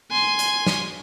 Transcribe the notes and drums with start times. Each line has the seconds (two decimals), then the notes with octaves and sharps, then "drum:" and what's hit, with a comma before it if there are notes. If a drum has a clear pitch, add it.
0.11 G#5 C6
0.39 drum: hi-hat
0.66 drum: snare